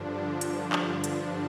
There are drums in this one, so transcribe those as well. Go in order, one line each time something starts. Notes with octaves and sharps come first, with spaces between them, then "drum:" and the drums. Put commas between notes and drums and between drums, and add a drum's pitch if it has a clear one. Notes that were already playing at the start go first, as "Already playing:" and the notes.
Already playing: G2 D3 F3 D4
drum: hi-hat
drum: clap
drum: hi-hat